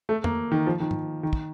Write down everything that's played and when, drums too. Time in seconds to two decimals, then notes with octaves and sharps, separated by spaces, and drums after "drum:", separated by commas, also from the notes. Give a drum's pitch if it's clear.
0.09 A3
0.24 A#3, drum: tom F2
0.51 D#3
0.67 F3
0.80 D#3
0.91 drum: tom
1.23 D#3
1.33 drum: kick